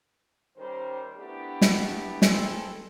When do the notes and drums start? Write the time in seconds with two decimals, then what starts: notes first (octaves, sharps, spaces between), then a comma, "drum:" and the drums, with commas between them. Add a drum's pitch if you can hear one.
0.57 D#3 G3 C#4 A#4 C5
1.16 A3 B3 D4 E4 G4
1.61 drum: snare
2.22 E3 C4 G#4 A4, drum: snare